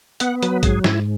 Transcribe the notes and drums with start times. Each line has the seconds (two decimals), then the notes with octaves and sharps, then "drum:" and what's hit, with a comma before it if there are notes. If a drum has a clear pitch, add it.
0.20 B3 F#5, drum: hi-hat
0.42 F#3 B4, drum: hi-hat
0.63 G#2 G#4, drum: kick A#1, hi-hat
0.84 G#2 E4, drum: snare